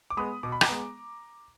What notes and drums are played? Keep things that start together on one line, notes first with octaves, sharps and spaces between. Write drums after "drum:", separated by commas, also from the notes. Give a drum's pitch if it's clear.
D6
G#3 B3 B5 D#6
B2 D6
B5
A#5 D6, drum: rim click
G#3 B3